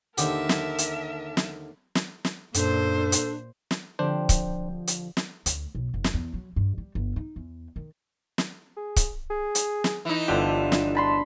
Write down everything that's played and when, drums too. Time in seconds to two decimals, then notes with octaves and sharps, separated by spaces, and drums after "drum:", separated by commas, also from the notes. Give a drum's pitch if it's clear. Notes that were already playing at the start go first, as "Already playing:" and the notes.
0.18 D#2 D3 G4 A#4 E5 A5, drum: hi-hat
0.49 drum: snare
0.78 drum: hi-hat
1.37 drum: snare
1.95 drum: snare
2.25 drum: snare
2.54 F#2 A#2 D4 A4 C5, drum: hi-hat
3.12 drum: hi-hat
3.71 drum: snare
3.99 D3 F3 C4 D4 G4 C5
4.29 drum: kick C#1, hi-hat
4.87 drum: hi-hat
5.17 drum: snare
5.46 D2, drum: hi-hat
5.75 B1
5.94 F#1
6.04 drum: snare
6.14 E2
6.34 F#3
6.56 G2
6.78 G3
6.95 G1
7.16 D#4
7.36 E2
7.76 D#3
8.38 drum: snare
8.77 G#4
8.96 drum: kick C#1, hi-hat
9.30 G#4
9.55 drum: hi-hat
9.84 drum: snare
10.05 E3 D#4
10.28 G1 D3 D4 F4 G4
10.72 drum: snare
10.95 A5 B5 C6